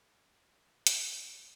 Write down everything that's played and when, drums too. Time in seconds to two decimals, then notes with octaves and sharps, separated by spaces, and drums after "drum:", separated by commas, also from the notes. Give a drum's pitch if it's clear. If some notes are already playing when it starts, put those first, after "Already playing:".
0.22 C4 D4
0.55 G#5 B5
0.87 G#4 D#6, drum: hi-hat